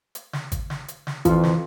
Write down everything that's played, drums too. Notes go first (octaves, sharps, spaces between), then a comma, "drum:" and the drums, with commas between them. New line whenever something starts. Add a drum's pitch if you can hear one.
drum: hi-hat
drum: snare
drum: kick G#1, hi-hat
drum: snare
drum: hi-hat
drum: snare
F2 E3 F4, drum: kick G#1, hi-hat
drum: snare